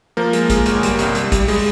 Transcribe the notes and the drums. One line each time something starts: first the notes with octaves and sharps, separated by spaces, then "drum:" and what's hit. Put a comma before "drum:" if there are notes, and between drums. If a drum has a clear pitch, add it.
F3 A#3 A#4
G#3, drum: hi-hat
G#3, drum: kick, hi-hat
G1, drum: hi-hat
G3, drum: hi-hat
C2, drum: hi-hat
G3, drum: hi-hat
G3, drum: kick, hi-hat
G3 G#3 G#4, drum: open hi-hat